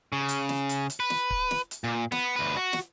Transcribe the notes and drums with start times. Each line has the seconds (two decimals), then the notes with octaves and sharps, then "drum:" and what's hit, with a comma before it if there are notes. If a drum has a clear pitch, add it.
0.13 C#3
0.29 drum: hi-hat
0.49 drum: snare
0.69 drum: hi-hat
0.90 drum: hi-hat
1.00 B4
1.10 drum: snare
1.30 drum: kick C#1
1.51 drum: snare
1.71 drum: hi-hat
1.84 A#2
2.12 B3, drum: snare
2.36 D2 B4
2.57 F#4
2.73 drum: snare